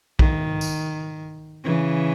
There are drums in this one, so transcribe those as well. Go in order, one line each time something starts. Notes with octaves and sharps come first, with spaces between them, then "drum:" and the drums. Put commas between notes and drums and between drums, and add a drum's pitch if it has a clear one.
D#3, drum: kick
drum: tambourine
C#3 E3